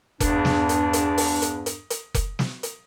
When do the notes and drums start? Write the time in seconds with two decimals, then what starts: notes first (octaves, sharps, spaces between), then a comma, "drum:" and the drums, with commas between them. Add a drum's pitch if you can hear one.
0.21 E2 G2 D4, drum: kick F1, hi-hat
0.45 drum: snare
0.69 drum: hi-hat
0.93 drum: hi-hat
1.18 drum: open hi-hat
1.42 drum: hi-hat
1.66 drum: hi-hat
1.90 drum: hi-hat
2.15 drum: kick F1, hi-hat
2.39 drum: snare
2.63 drum: hi-hat